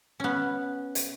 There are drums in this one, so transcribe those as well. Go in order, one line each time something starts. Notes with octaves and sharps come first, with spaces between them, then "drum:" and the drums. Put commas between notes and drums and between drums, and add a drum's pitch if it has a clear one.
B3 C#4
drum: hi-hat